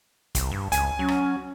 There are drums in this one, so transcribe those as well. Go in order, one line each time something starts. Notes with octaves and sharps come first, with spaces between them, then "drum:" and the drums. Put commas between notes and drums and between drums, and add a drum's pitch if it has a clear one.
C2, drum: kick, hi-hat
G2
C#2 G#5, drum: hi-hat
F#3 C#4
drum: rim click